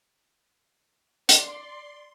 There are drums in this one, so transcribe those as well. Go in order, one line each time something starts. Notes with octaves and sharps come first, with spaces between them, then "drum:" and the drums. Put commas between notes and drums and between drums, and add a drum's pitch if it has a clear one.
D5 C6, drum: hi-hat